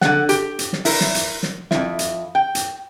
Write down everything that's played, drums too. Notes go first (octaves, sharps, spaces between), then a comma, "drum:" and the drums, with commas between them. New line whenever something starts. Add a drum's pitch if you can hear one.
D3 F#5, drum: snare
G4, drum: hi-hat
drum: hi-hat
drum: snare
E4 A#4, drum: open hi-hat
drum: snare
drum: hi-hat
drum: snare
F2 E4, drum: snare
drum: hi-hat
G5
drum: hi-hat